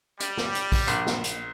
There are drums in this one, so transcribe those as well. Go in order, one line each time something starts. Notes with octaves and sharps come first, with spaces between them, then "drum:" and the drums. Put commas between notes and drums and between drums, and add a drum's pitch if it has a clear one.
G3, drum: hi-hat
drum: snare
drum: hi-hat
drum: kick A#1, open hi-hat
A#1, drum: hi-hat
drum: snare
drum: hi-hat